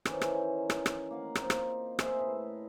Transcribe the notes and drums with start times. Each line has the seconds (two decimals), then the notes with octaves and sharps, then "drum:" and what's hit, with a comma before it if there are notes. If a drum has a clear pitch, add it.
0.05 D#3 E3 C#4 C5, drum: rim click
0.21 drum: rim click
0.70 drum: rim click
0.86 drum: rim click
1.11 A#3 F5 F#5
1.35 C4 D#4 F4, drum: rim click
1.50 drum: rim click
1.99 G#4 C5 D#5 E5, drum: rim click
2.19 A2 B4